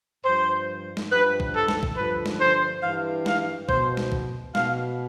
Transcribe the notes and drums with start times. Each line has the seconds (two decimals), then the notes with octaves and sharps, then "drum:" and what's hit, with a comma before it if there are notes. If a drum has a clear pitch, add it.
0.25 G2 F3 C5
0.97 drum: snare
1.11 G2 F3 B4
1.40 drum: kick
1.54 A4
1.68 drum: snare
1.83 drum: kick
1.96 G2 D3 F3 B4
2.26 drum: snare
2.41 C5
2.82 G2 E3 F5
3.26 F5, drum: snare
3.69 B2 C5, drum: kick
3.97 drum: snare
4.12 drum: kick
4.55 B2 F5, drum: snare